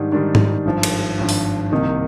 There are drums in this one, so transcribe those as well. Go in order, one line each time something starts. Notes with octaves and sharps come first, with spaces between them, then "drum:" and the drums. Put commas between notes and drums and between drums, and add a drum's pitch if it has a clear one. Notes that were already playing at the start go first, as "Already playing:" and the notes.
Already playing: G#2 D#3 G3 D4
G#2 D#3 G3 D4
drum: tom G#2
G#1 G2 F3
drum: cymbal
G#1 G2 F3
drum: open hi-hat
C2 C3 D#3 A#3 D#4